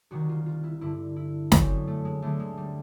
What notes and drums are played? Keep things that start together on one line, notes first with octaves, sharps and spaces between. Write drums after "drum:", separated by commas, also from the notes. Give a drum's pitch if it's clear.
C2 C3 D#3 F#4
F4
F4
E4
G2 D3 E4
E4
F#2 D3 C#4, drum: snare
C4
B3
A3
G#3
D2 D3 A3
G#3
G3